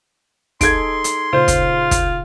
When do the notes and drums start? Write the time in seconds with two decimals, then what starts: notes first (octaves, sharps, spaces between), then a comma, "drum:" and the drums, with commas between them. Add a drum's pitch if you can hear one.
0.61 D#4 G#4 A4 C6 G#6 D7, drum: kick, hi-hat
1.04 drum: hi-hat
1.33 A#2 C#3 F4 C5
1.48 drum: kick, hi-hat
1.91 drum: kick, hi-hat